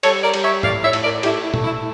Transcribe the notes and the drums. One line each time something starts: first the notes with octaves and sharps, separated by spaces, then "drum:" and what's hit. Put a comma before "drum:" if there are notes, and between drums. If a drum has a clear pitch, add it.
G3 A4 C#5, drum: cymbal
A#4 D5
G3, drum: cymbal
C#5 E5
A2 D5 F5, drum: tom G#2
C#5 E5
A2, drum: cymbal
A#4 D5
A3 E4 G4, drum: cymbal
E4
A3, drum: tom A#2
E4